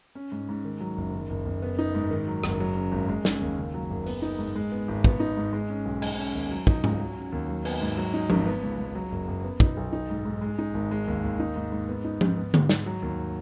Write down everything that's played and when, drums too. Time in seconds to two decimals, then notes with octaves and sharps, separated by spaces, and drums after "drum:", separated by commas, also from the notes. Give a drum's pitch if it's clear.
0.15 C#4
0.32 G#2
0.49 G#2
0.65 D#3
0.80 F#3
0.97 F#1
1.13 D#3
1.30 F#1
1.46 F#1
1.62 B3
1.79 D#4
1.95 G#2
2.11 D#3
2.27 F#3
2.44 F#1, drum: rim click
2.60 F#3
2.76 C#4
2.92 G#1
3.09 G#3
3.25 C#4, drum: snare
3.41 D#2
3.57 C#3
3.74 F#3
3.90 F#1
4.07 B3, drum: open hi-hat
4.22 D#4
4.39 G#2
4.55 G#3
4.72 B3
4.88 G#1
5.04 B3, drum: kick
5.20 D#4
5.37 G#2
5.53 G#3
5.70 C#4
5.85 B1
6.02 G#3, drum: cymbal
6.18 C#4
6.34 D#2
6.51 F#3
6.67 D#4, drum: kick
6.84 C#2, drum: tom G#2
7.00 F#3
7.16 C#4
7.32 D#2
7.48 F#3
7.65 B3, drum: cymbal
7.81 G#2
7.97 F#3
8.14 D#4
8.30 G#1, drum: tom F3
8.46 B3
8.63 C#2
8.78 C#2
8.95 F#3
9.12 F#1
9.28 F#1
9.44 B3
9.60 D#4, drum: kick
9.77 B1
9.93 D#4
10.10 G#2
10.25 G#2
10.41 G#3
10.58 D#4
10.74 G#1
10.91 G#3
11.08 D#2
11.23 D#2
11.40 D#4
11.56 G#2
11.72 G#2
11.89 B3
12.05 D#4
12.21 G#2, drum: tom F3
12.38 B3
12.54 G#2, drum: tom D3
12.69 G#2, drum: snare
12.86 F#3
13.02 D#2